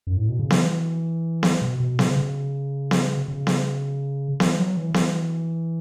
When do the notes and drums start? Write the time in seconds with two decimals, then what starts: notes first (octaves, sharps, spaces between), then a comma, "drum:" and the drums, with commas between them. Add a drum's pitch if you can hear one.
0.07 F#2
0.17 A2
0.29 B2
0.39 C#3
0.50 E3, drum: snare B3
1.43 drum: snare B3
1.62 B2
1.80 B2
1.99 C#3, drum: snare B3
2.16 C#3
2.91 drum: snare B3
3.28 C#3
3.47 drum: snare B3
4.40 E3, drum: snare B3
4.58 F#3
4.77 E3
4.94 E3, drum: snare B3